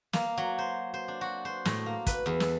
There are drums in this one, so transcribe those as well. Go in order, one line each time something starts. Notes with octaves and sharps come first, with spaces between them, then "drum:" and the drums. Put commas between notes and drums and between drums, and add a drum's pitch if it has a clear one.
A#3, drum: snare
F#3
C5
C5
D4
F#4
C5
A2, drum: snare
A#3
B4, drum: kick, hi-hat
E2
A4, drum: snare